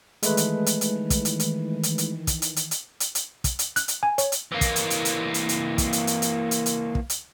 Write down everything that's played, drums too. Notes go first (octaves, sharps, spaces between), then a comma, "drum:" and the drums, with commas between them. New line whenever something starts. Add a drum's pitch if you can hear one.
D#3 E3 G#3 A3 B4, drum: hi-hat
drum: hi-hat
drum: hi-hat
drum: hi-hat
drum: kick, hi-hat
drum: hi-hat
drum: hi-hat
drum: hi-hat
drum: hi-hat
drum: kick, hi-hat
drum: hi-hat
drum: hi-hat
drum: hi-hat
drum: hi-hat
drum: hi-hat
drum: kick, hi-hat
drum: hi-hat
F#6, drum: hi-hat
drum: hi-hat
G#5
C#5, drum: hi-hat
drum: hi-hat
E3 A#3
drum: kick, hi-hat
drum: hi-hat
drum: hi-hat
drum: hi-hat
drum: hi-hat
drum: hi-hat
drum: kick, hi-hat
drum: hi-hat
drum: hi-hat
drum: hi-hat
drum: hi-hat
drum: hi-hat
drum: kick
drum: hi-hat